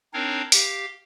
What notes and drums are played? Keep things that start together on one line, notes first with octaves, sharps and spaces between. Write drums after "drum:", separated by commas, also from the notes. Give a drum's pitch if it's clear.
C4 D4 D#4 A#4 C#5 F5
G4 F5, drum: open hi-hat